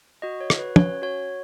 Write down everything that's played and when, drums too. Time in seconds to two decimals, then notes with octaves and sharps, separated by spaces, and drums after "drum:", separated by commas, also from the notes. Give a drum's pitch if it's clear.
0.22 F#4 D#5
0.41 C#5
0.50 F#4, drum: rim click
0.58 B4
0.76 C#4 C#5, drum: tom
1.02 F#4 C#5